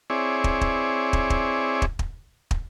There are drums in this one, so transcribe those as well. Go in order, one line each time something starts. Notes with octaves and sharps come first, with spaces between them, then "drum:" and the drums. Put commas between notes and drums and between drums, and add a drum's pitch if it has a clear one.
C4 E4 G#4 C#5 D5
drum: kick
drum: kick
drum: kick
drum: kick
drum: kick
drum: kick
drum: kick